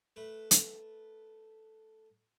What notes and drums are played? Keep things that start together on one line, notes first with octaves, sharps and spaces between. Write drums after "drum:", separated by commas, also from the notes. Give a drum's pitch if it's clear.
A3 B4
drum: hi-hat